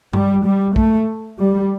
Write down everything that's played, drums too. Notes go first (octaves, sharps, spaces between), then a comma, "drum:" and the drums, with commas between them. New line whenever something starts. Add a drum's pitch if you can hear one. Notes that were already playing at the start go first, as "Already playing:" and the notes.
G3, drum: tom G2
G3
A3, drum: kick
G3